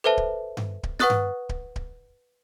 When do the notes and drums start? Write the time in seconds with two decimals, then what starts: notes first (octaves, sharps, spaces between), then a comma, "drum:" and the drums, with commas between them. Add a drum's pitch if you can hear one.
0.04 A4 B4 C5 E5 A5
0.17 drum: kick D1
0.57 drum: tom G2
0.83 drum: kick D1
0.99 B4 F#5 C#6 D#6 F#6 A6, drum: snare
1.10 drum: tom G2
1.49 drum: kick D1
1.76 drum: kick D1